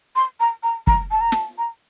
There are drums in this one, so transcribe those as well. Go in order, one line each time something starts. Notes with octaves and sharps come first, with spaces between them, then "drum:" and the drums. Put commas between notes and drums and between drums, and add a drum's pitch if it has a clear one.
C6
A#5
A#5
A#5, drum: kick
A5
A#5
A5, drum: snare
A#5